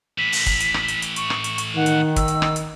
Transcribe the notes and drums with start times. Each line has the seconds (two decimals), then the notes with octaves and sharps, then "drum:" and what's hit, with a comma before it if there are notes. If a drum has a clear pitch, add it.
0.18 A2 E3 B6
0.32 drum: open hi-hat
0.46 drum: kick, hi-hat
0.60 drum: hi-hat
0.74 drum: rim click
0.88 drum: hi-hat
1.02 drum: hi-hat
1.16 C#6, drum: hi-hat
1.30 drum: rim click
1.44 drum: hi-hat
1.58 drum: hi-hat
1.76 D#3 F#5
1.86 drum: hi-hat
2.16 E6, drum: kick, hi-hat
2.28 drum: hi-hat
2.42 drum: rim click
2.56 drum: hi-hat